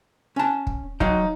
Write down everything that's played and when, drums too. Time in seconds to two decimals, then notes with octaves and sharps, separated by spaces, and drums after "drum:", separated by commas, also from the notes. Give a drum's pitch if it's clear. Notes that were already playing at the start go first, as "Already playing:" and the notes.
0.36 C#4 A5
0.67 drum: kick
1.00 F#3 D#4 F5 G5, drum: kick